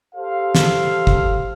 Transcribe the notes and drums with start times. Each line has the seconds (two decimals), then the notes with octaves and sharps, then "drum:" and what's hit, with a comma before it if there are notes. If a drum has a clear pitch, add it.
0.15 G4 A4 C5 F5
0.55 drum: snare
1.07 drum: kick